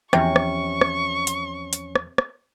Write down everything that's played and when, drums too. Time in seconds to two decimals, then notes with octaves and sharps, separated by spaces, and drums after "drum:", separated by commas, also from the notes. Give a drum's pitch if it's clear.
0.13 E2 C3 F3 C#4 C#6, drum: rim click
0.36 drum: rim click
0.81 drum: rim click
1.27 drum: hi-hat
1.73 drum: hi-hat
1.95 drum: rim click
2.18 drum: rim click